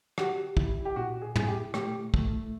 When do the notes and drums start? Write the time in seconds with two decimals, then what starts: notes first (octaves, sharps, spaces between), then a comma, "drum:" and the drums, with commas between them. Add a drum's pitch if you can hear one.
0.18 F#4 G4, drum: rim click
0.57 E4, drum: kick
0.85 G4
0.96 A#2 F#4
1.22 G#4
1.36 E4 G#4, drum: tom
1.48 G4
1.74 A3 G4, drum: rim click
2.14 A3, drum: kick